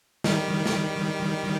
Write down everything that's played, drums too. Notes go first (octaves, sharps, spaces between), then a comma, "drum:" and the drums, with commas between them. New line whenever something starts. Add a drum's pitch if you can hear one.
D#3 G3, drum: snare
drum: snare